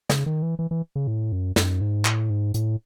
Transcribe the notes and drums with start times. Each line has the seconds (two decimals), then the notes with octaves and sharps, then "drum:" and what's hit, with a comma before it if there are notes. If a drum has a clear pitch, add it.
0.09 C#3, drum: snare
0.26 D#3
0.42 E3
0.59 E3
0.71 E3
0.96 C#3
1.07 A2
1.32 F#2
1.56 F#2, drum: snare
1.81 G#2
2.05 A2, drum: clap
2.30 G#2
2.54 A2, drum: hi-hat